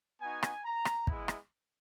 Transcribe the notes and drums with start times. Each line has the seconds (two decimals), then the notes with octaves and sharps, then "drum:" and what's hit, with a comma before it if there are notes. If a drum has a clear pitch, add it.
0.21 B3 D#4 F#4 G#5
0.43 drum: rim click
0.64 A#5
0.85 drum: rim click
1.07 G#3 B3 E4, drum: kick
1.28 drum: rim click